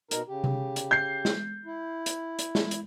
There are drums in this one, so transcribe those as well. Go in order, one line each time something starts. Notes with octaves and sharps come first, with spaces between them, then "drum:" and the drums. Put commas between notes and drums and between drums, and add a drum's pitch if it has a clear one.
B2 D#4 A#4, drum: hi-hat
C#3 G4
drum: tom C3
drum: hi-hat
G6 C7
drum: snare
E4
drum: hi-hat
drum: hi-hat
drum: snare
drum: hi-hat